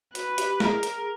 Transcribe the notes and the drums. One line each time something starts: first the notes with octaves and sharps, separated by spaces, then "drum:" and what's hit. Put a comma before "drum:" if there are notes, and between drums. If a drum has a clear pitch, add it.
F#4 B4, drum: hi-hat
G4, drum: hi-hat
G#4 A#4, drum: snare
drum: hi-hat
G#4